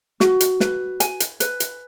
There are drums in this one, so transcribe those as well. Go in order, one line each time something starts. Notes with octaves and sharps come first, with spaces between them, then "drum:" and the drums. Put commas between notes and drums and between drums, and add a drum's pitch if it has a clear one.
F#4, drum: snare
drum: hi-hat
B4, drum: snare
G#5, drum: hi-hat
drum: hi-hat
B4, drum: hi-hat
drum: hi-hat